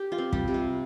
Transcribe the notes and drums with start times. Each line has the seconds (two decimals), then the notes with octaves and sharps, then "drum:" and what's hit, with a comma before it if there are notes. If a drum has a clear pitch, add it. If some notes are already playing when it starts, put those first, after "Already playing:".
Already playing: G4
0.12 F4
0.18 C4
0.33 G3 G4, drum: kick
0.48 C3
0.54 F4